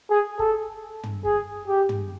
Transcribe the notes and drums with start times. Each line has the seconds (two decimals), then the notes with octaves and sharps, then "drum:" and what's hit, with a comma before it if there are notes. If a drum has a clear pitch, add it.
0.10 G#4
0.39 A4, drum: kick
1.03 drum: tom
1.25 G#4, drum: kick
1.68 G4
1.89 drum: tom